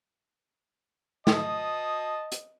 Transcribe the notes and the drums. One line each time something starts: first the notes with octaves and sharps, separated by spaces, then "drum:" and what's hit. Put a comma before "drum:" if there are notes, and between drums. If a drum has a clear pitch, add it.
D#5 A5 D#6, drum: snare
drum: hi-hat